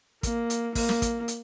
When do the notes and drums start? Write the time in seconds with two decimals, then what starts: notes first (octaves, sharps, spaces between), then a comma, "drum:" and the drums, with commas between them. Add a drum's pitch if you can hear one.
0.23 A#3, drum: kick, hi-hat
0.50 drum: hi-hat
0.75 A#3, drum: kick, open hi-hat
0.89 drum: snare
1.02 drum: kick, hi-hat
1.28 drum: hi-hat